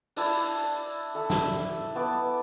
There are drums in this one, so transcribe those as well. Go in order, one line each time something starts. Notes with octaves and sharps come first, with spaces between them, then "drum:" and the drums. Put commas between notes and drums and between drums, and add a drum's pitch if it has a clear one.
D4 E4 A5, drum: open hi-hat
A4 E5 A5 E6
drum: snare
B3 A5 D6